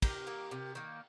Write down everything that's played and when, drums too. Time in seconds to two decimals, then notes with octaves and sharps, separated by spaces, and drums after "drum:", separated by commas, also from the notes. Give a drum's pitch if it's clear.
0.02 C3 G4 A#4, drum: kick, cymbal
0.27 D#3 A#3
0.51 C3
0.75 D#3 A#3